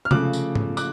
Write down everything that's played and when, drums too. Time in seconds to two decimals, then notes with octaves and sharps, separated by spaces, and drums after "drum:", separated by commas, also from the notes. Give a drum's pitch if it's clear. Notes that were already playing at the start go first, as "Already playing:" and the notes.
0.05 F6
0.11 C#3 F3 A3 D6 F#6, drum: tom C3
0.33 drum: tambourine
0.55 drum: tom
0.77 D6 F#6, drum: tambourine